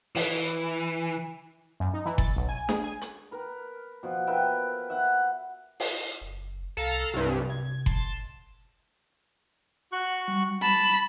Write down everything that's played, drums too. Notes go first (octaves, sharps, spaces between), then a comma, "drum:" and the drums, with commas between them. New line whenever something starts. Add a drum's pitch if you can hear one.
E3, drum: open hi-hat
F#2
D#4
E3
A6, drum: kick F#1
B1
G#5
G#4, drum: snare D4
G#5
drum: hi-hat
A#4 B4
B2 F3
A#4 B4 E5 G5
E5 F#5
drum: open hi-hat
F#1
C2 A4 F5 A#5
C2 G2 C3
G#6
A5 C6, drum: kick F#1
F#4 C#6 F#6
G3
A5 B5